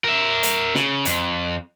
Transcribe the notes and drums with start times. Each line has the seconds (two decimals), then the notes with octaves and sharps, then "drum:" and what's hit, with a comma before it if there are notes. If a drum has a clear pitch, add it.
0.04 A#4 E5
0.43 drum: hi-hat
0.75 C#3, drum: snare
1.05 F2, drum: hi-hat